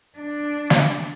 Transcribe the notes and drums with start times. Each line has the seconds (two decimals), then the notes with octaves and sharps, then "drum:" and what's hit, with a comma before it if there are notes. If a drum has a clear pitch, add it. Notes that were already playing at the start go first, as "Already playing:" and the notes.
0.19 D4
0.70 drum: snare